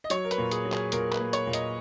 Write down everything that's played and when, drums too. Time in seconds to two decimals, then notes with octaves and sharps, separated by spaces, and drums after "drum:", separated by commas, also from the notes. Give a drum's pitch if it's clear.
0.04 D#5
0.10 F#3 C#5, drum: hi-hat
0.25 A#4
0.31 B4, drum: hi-hat
0.38 A#2
0.51 G#4, drum: hi-hat
0.65 F#3
0.72 G#4, drum: clap
0.92 A#2 A#4, drum: hi-hat
1.12 B4, drum: clap
1.20 A#3
1.33 C#5, drum: hi-hat
1.47 A#2
1.53 D#5, drum: hi-hat